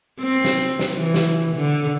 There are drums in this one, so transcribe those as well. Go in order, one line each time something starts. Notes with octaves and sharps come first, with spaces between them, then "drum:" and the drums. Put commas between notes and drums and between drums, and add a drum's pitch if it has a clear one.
C4
drum: snare
drum: snare
E3
drum: snare
D3